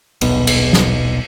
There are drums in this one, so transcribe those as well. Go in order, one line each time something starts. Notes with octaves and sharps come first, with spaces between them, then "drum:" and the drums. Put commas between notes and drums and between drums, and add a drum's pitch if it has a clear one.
D#1 B1 B2, drum: cymbal
drum: cymbal
drum: snare